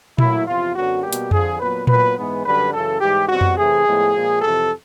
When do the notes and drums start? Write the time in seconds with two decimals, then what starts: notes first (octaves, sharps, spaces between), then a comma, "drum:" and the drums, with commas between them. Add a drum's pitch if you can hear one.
0.18 A2 F#3 A#3 E4, drum: tom A#2
0.47 E2 C3 F3 F4
0.74 F#2 D3 F#3 B3 F#4
1.03 B2 G3 A#3 G4
1.13 drum: hi-hat
1.31 F2 D3 F3 G#4, drum: tom F2
1.59 A#2 F#3 B3 B4
1.87 A#2 F#3 B3 B4, drum: tom A#2
2.16 G#2 E3 G#3 B3
2.44 F#2 D3 G3 B4
2.72 F#2 C#3 E3 A4
3.00 G#2 E3 G3 G4
3.28 E2 B2 G3 C4 F#4
3.41 drum: tom F2
3.56 C3 E3 A3 C4 G#4
3.85 A2 F3 G#3 B3
4.13 A#2 F3 G#3
4.41 F2 C3 E3 A4